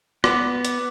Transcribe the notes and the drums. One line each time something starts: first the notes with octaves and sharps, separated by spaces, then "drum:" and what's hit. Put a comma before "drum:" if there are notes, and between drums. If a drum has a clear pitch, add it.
B3 D6, drum: rim click
drum: hi-hat